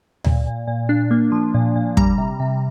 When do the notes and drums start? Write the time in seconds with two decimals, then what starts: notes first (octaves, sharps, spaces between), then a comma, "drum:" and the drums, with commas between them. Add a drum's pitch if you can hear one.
0.24 A#2, drum: tom D2
0.47 A#2
0.68 A#2
0.89 D4
1.11 A#3
1.32 F3
1.54 A#2
1.76 A#2
1.97 G3 A#5, drum: kick
2.18 C3
2.40 C3